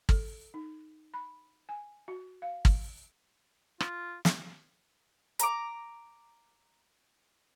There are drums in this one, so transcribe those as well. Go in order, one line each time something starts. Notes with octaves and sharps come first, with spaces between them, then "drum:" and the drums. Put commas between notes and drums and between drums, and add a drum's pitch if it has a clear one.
A4, drum: kick G#1
D#4
B5
G#5
F#4
F5
drum: kick G#1
F4, drum: rim click
drum: snare
A#5 D6, drum: hi-hat